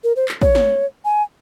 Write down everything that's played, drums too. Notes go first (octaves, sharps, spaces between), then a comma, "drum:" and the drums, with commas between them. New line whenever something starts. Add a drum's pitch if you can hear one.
A#4
C5
drum: clap
C#5, drum: kick
drum: snare
G#5